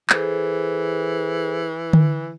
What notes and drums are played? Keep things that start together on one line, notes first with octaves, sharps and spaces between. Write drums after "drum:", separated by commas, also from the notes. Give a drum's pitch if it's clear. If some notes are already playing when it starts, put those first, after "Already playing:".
E3 G#4 A4 C5, drum: clap
drum: tom D3